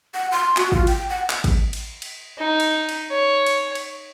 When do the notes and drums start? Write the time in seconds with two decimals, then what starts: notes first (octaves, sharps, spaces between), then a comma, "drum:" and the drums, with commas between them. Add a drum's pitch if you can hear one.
0.15 F#5
0.32 C6
0.57 F#4, drum: clap
0.72 F4, drum: kick
0.87 G5, drum: cymbal
1.10 F#5
1.30 drum: clap
1.44 drum: kick, cymbal
1.73 drum: cymbal
2.02 drum: cymbal
2.39 D#4
2.60 drum: cymbal
2.89 drum: cymbal
3.11 C#5
3.46 drum: cymbal
3.75 drum: cymbal